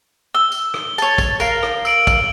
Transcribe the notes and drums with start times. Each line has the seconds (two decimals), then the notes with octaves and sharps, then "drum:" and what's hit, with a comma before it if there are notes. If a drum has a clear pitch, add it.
0.35 E6 G7
0.52 drum: tambourine
0.74 drum: rim click
0.98 C#5 A5, drum: tambourine
1.18 drum: kick, tambourine
1.40 A#4 F5, drum: tambourine
1.63 drum: rim click
1.85 E6 D7 F#7, drum: tambourine
2.07 drum: kick, tambourine